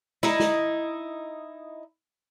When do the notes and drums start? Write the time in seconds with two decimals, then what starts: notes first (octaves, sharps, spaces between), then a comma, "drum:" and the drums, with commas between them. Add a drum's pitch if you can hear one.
0.23 D#4 E4, drum: snare
0.40 drum: snare